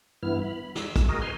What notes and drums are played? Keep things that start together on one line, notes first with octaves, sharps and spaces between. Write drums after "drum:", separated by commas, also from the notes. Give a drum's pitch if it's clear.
G2 E3 B3 E4 F6
B5
E6, drum: snare
drum: kick, hi-hat
D#4 F#4 G#4 A#4 D#5
B4 C5 G#5 C6 F6